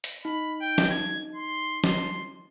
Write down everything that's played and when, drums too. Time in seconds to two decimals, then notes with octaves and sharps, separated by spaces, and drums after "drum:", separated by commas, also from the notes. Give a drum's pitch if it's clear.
0.04 drum: hi-hat
0.25 D#4 B5
0.61 G5
0.78 drum: snare
0.90 G#6
1.35 C6
1.84 drum: snare